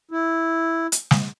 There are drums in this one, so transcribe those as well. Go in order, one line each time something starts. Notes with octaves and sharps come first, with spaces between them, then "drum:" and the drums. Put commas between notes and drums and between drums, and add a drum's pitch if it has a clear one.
E4
drum: hi-hat
drum: snare